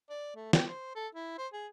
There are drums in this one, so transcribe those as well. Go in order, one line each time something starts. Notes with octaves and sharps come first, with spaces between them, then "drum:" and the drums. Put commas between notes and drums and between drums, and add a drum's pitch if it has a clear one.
D5
A3
G5, drum: snare
C5
A4
E4
C5
G#4